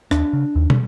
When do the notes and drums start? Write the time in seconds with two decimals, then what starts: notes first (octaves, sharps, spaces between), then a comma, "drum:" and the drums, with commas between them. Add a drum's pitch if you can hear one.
0.11 D#2 D4, drum: rim click
0.33 C#3
0.55 D#2
0.70 drum: tom